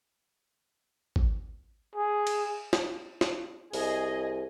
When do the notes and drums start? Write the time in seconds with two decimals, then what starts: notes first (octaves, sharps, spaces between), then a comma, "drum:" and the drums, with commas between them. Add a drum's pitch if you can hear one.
1.16 drum: kick
1.96 G#4
2.27 drum: cymbal
2.73 drum: snare
3.21 drum: snare
3.73 C2 G#4 D#5, drum: open hi-hat